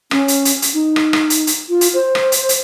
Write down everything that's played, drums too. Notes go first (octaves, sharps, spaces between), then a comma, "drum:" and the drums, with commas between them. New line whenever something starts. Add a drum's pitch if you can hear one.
C#4, drum: rim click
drum: hi-hat
drum: hi-hat
drum: hi-hat
D#4
drum: rim click
drum: rim click
drum: hi-hat
drum: hi-hat
F4
drum: hi-hat
C5
drum: rim click
drum: hi-hat
drum: hi-hat